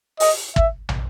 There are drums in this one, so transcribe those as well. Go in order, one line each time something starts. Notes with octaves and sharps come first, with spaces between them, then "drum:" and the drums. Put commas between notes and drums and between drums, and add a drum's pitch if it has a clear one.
D#5, drum: open hi-hat
E5, drum: kick
drum: tom